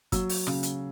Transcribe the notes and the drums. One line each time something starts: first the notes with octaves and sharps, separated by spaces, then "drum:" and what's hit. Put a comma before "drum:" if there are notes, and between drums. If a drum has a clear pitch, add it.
F#3 E6, drum: kick G1, hi-hat
drum: open hi-hat
C#3, drum: rim click
drum: hi-hat